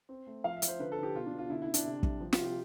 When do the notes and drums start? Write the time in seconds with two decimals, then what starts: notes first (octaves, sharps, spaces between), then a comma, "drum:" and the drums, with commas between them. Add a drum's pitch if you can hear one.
0.09 C4
0.27 A3
0.44 F3 F5
0.57 E5
0.62 F3, drum: hi-hat
0.68 C5
0.79 D3 B4
0.92 A4
0.98 D3
1.03 G4
1.15 B2 F4
1.26 D4
1.32 B2
1.38 F4
1.50 D3 E4
1.62 E4
1.68 D3
1.74 D4, drum: hi-hat
1.85 C3
2.03 G3, drum: kick
2.20 F3
2.33 F4, drum: snare
2.38 C3
2.44 G4